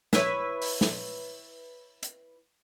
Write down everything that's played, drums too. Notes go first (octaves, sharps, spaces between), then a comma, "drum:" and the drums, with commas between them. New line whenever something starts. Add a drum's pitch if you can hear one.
E4 B4 C#5 E5, drum: snare
drum: open hi-hat
drum: snare
drum: hi-hat